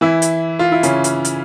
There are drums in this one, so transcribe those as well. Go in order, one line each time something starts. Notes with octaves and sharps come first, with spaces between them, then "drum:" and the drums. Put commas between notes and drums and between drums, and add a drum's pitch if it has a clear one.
E3 E4
drum: hi-hat
F4
E4
C#3 C#4, drum: hi-hat
drum: hi-hat
drum: hi-hat